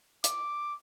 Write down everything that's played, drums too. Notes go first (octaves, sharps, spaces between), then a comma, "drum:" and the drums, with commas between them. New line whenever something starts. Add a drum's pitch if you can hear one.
D6, drum: hi-hat